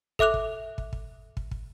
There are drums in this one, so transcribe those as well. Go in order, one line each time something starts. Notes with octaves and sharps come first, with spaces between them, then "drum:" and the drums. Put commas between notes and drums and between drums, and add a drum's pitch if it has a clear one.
A4 E5 D6 F#6 F7, drum: kick
drum: kick
drum: kick
drum: kick
drum: kick
drum: kick